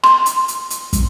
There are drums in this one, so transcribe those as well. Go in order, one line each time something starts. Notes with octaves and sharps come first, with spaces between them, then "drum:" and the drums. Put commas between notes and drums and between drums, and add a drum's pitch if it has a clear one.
C6, drum: rim click
drum: hi-hat
drum: hi-hat
drum: hi-hat
drum: kick, hi-hat